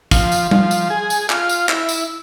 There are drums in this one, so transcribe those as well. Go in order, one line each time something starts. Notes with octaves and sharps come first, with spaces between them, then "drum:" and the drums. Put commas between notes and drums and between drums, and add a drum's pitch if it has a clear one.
F3, drum: kick, tambourine
drum: tambourine
F3, drum: tom G3
drum: tambourine
G#4
drum: tambourine
F4, drum: clap
drum: tambourine
E4, drum: clap
drum: tambourine